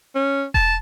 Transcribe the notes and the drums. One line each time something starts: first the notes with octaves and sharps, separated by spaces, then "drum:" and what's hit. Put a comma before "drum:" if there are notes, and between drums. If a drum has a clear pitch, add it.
C#4
A5, drum: kick E1